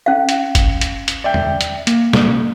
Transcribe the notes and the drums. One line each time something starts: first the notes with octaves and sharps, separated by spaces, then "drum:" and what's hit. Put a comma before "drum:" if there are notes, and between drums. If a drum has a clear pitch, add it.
C#4 F5
drum: hi-hat
drum: kick G1, hi-hat
drum: hi-hat
drum: hi-hat
D5 E5 G5
drum: tom
drum: hi-hat
A#3, drum: hi-hat
drum: snare